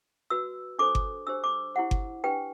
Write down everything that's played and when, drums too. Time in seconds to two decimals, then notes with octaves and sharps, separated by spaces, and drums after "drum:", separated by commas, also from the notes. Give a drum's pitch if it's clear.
0.30 F#4 B4 E6
0.79 D4 A4 C5 D6
0.95 drum: kick G1
1.27 D4 G4 C5 E6
1.44 D6
1.74 E4 G4 C5 F#5
1.91 drum: kick G1
2.24 D4 G4 B4 G5